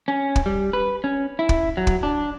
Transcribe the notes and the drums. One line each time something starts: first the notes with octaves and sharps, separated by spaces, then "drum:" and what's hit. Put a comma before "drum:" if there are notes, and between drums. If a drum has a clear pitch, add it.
C#4
drum: kick
G3
B4
C#4
E4
drum: kick
F#3
drum: kick
D4